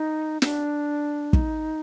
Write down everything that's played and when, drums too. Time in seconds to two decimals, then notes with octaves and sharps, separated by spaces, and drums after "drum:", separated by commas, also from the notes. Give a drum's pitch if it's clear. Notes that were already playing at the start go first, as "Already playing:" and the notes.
Already playing: D#4
0.42 D4, drum: snare
1.33 D#4, drum: kick